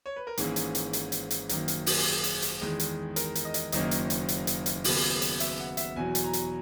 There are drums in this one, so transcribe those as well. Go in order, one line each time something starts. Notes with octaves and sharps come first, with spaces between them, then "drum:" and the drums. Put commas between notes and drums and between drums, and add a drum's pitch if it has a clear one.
C#5
B4
A#4
G#1 G#2 E3 A#3 C#4 G#4, drum: hi-hat
drum: hi-hat
drum: hi-hat
drum: hi-hat
drum: hi-hat
drum: hi-hat
G#1 F#2 D#3 A#3, drum: hi-hat
drum: hi-hat
drum: open hi-hat
G#4
drum: hi-hat
drum: hi-hat
E2 D#3 G#3
drum: hi-hat
A#4, drum: hi-hat
drum: hi-hat
D#5
drum: hi-hat
F#1 F#2 D#3 A#3 C#4 D#5, drum: hi-hat
drum: hi-hat
drum: hi-hat
drum: hi-hat
drum: hi-hat
drum: hi-hat
D#2 C#3 F#3 B3, drum: open hi-hat
drum: hi-hat
E5, drum: hi-hat
F#5
E5, drum: hi-hat
E2 B2 F#3 G#5
drum: hi-hat
A#5
drum: hi-hat